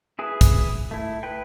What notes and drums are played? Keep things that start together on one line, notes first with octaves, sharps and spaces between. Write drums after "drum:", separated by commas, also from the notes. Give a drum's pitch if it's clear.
E4 G#4 B4
drum: kick, hi-hat
A3 E4
B4 G5